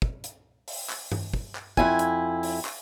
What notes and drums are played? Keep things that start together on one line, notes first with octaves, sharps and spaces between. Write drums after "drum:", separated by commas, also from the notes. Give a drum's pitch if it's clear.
drum: kick
drum: hi-hat
drum: open hi-hat
drum: clap
drum: tom G2
drum: kick
drum: clap
F2 E4 G#5, drum: kick
drum: hi-hat
drum: open hi-hat
drum: clap